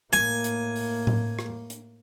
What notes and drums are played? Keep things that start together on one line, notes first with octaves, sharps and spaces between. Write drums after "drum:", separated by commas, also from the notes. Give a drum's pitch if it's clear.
A2 A#3 G#5, drum: rim click
drum: hi-hat
drum: open hi-hat
drum: tom A2
drum: rim click
drum: hi-hat